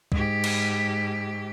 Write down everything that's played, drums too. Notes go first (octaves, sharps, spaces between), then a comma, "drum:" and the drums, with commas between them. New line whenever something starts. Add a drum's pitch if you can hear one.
G#2 G4, drum: kick C2
drum: cymbal